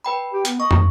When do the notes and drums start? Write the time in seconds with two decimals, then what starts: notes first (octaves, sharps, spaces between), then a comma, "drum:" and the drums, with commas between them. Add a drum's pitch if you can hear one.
0.05 B4 G5 B5
0.33 G4
0.45 B3, drum: hi-hat
0.60 D#5 C#6
0.71 drum: tom